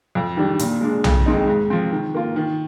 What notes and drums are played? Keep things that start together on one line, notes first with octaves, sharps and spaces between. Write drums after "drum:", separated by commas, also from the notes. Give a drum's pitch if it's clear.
F2
D#3 G3 D4
A#2, drum: hi-hat
G#3 D4
F2, drum: tom B1
D#3 G#3 C4 D#4
G#2
F3 C4
D#3
A#3 F4
D#3